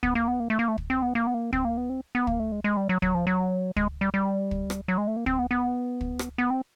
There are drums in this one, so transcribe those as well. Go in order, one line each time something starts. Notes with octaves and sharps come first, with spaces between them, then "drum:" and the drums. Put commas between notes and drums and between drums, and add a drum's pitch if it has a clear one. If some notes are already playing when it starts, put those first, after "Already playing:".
B3, drum: kick
A#3
B3
A#3
A3
A#3
A3
drum: kick
C4
B3
A#3
B3
A#3
C4, drum: kick
A#3
B3
C4
B3
A#3, drum: kick
A3
G#3
G#3
G3
F#3
F#3, drum: kick
F3
F#3
G#3, drum: kick
G3
G3
drum: kick
drum: rim click
F#3
G#3
A3
A#3
C4, drum: kick
B3
B3
drum: kick
drum: rim click
B3
C4